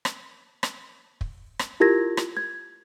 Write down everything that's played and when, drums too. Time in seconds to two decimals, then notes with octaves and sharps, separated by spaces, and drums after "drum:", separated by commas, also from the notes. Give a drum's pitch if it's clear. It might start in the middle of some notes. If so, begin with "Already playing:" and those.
0.05 drum: rim click
0.63 drum: rim click
1.21 drum: kick
1.59 drum: rim click
1.80 E4 F4 G4 A#4 G#6 A#6
2.17 drum: rim click
2.37 G#6